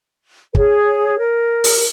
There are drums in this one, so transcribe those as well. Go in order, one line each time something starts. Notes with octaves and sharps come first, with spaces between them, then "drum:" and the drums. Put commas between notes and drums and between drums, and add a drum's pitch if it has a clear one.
A#4
G#4 C#5, drum: kick
A#4
drum: open hi-hat